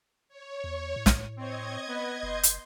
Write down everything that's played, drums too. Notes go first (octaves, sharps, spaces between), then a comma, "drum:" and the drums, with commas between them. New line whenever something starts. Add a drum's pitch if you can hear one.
C#5
E2
A2
drum: snare
C4 C#5 D#5 G#6
B3 B4
F#1 C6 G6
drum: hi-hat